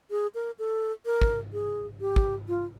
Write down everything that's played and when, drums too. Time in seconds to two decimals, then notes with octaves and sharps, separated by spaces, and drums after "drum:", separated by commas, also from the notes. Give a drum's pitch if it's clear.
0.11 G#4
0.35 A#4
0.59 A4
1.06 A#4
1.21 drum: kick
1.53 G#4
2.01 G4
2.16 drum: kick
2.48 F4